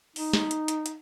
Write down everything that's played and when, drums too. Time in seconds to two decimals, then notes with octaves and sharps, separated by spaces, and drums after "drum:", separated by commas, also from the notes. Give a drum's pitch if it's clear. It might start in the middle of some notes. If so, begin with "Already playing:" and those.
0.16 D#4, drum: open hi-hat
0.33 drum: snare
0.51 drum: hi-hat
0.68 drum: hi-hat
0.86 drum: hi-hat